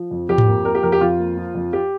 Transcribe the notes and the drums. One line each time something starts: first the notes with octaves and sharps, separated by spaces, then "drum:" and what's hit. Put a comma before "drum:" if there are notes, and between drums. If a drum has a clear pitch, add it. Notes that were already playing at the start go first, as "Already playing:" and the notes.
Already playing: F3
F2
F2 G4
drum: tom G#2
A#3
F3 A#4
G4
F2 A#4
G4
F2 F4
A#3
F3
F2
G4